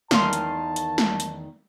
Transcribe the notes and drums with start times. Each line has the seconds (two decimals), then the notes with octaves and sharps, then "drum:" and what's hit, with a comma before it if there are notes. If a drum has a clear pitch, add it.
0.11 E2 D#3 F5 A5 C6, drum: snare
0.33 drum: hi-hat
0.76 drum: hi-hat
0.98 drum: snare
1.20 drum: hi-hat